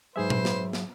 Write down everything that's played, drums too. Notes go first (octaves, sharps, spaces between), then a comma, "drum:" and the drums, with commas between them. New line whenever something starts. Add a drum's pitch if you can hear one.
G#2 F#3 G#4 B4 C5 E5
drum: tom A#2
drum: snare
drum: snare